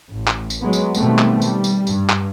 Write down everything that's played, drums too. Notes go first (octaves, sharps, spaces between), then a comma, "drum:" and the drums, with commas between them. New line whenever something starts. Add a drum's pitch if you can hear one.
A1
drum: clap
drum: tambourine
F#3 G#3 B3
drum: tambourine
B2 D#3 G3 A3 B3 C4, drum: tambourine
drum: clap
G3, drum: tambourine
drum: tambourine
G2, drum: tambourine
drum: clap